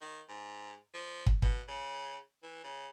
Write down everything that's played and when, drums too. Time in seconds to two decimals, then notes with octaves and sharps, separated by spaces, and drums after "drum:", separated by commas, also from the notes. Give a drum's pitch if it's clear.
0.01 D#3
0.28 G#2
0.94 F3
1.26 drum: kick
1.42 B2, drum: kick
1.68 C#3
2.42 E3
2.64 C#3